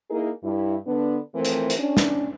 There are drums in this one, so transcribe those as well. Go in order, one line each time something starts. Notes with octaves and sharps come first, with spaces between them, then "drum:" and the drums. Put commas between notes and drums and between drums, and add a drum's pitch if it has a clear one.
A#3 D#4 E4 G#4 A#4
G2 E4
D3 B3 D4
E3 F3 A3 C4 A#4 C5
drum: hi-hat
drum: hi-hat
C#4 D4
drum: snare